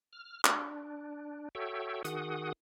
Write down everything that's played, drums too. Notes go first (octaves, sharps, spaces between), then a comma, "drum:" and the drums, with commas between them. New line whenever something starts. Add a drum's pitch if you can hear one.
F6
D4, drum: clap
F#4 A4 C#5 E5 G5
D#3 F#4 G#4 F#5 D#6, drum: hi-hat